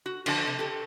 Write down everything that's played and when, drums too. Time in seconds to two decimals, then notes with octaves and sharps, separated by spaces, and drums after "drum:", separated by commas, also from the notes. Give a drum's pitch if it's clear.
0.06 F#4
0.26 D3 F3 F#5 A5, drum: cymbal
0.47 C3
0.59 G4 A4